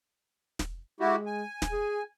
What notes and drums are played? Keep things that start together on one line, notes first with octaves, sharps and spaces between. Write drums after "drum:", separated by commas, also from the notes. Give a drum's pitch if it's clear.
drum: snare
G#3 E4 F#4 G4
G#5
drum: snare
G#4